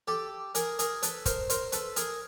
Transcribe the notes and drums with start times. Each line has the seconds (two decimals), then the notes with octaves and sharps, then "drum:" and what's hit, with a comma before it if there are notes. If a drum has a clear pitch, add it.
0.08 G4 A4
0.55 G#4 A#4, drum: hi-hat
0.79 G#4 A#4, drum: hi-hat
1.03 A4 B4, drum: hi-hat
1.26 A#4 C5, drum: kick, hi-hat
1.50 A#4 C5, drum: hi-hat
1.72 A4 B4, drum: hi-hat
1.96 G#4 A#4, drum: hi-hat